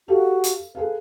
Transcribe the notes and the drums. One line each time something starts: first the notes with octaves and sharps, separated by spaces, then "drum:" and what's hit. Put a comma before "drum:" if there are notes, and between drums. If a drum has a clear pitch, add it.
F#4 G4 A4 F5
drum: hi-hat
G#4 A4 B4 F5